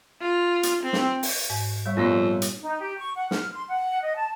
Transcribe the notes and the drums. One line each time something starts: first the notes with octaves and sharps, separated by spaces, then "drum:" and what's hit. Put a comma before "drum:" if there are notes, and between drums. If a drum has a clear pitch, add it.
F4
drum: hi-hat
C4
drum: snare
drum: open hi-hat
G#2
G3 C#5 E5 C#6
F2 A#2 G3 A#3 B3 D5
drum: hi-hat
D#4
G4
C#6
F#5
F6, drum: snare
C6
F#5
D#5
A5